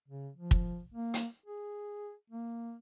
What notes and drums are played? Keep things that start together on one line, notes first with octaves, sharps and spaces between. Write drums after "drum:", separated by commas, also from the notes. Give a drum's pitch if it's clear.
C#3
F3
drum: kick
A#3
drum: hi-hat
G#4
A#3